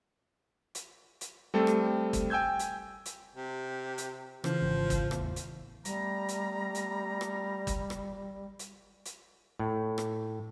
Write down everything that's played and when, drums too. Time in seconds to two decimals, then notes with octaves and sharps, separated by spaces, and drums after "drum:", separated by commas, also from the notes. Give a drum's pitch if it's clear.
0.75 drum: hi-hat
1.21 drum: hi-hat
1.54 G3 A3 C4 A4
1.67 drum: rim click
2.13 drum: kick G1, hi-hat
2.30 G5 G#5 E6 G6 G#6
2.59 drum: hi-hat
3.05 drum: hi-hat
3.35 C3
3.98 drum: hi-hat
4.44 C#3 E3 F3, drum: rim click
4.62 G#1
4.90 drum: kick G1, hi-hat
5.11 A1 E2, drum: rim click
5.36 drum: hi-hat
5.85 G3 A3 B3 A#5, drum: hi-hat
6.29 drum: hi-hat
6.75 drum: hi-hat
7.21 drum: rim click
7.67 drum: kick G1, hi-hat
7.90 drum: rim click
8.59 drum: hi-hat
9.05 drum: hi-hat
9.59 A2
9.98 drum: rim click